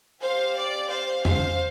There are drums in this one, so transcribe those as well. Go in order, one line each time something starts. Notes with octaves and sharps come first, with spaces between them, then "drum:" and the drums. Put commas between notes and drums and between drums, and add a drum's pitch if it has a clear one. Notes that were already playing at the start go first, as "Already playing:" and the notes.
C4 G4 C5 F5
D5
C5 F5
C5 F5, drum: tom E2